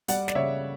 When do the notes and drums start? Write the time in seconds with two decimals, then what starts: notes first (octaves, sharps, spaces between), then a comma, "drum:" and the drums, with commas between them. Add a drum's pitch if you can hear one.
0.08 G3 D5 F#5, drum: hi-hat
0.28 D5, drum: snare
0.35 C#3 C#5 E5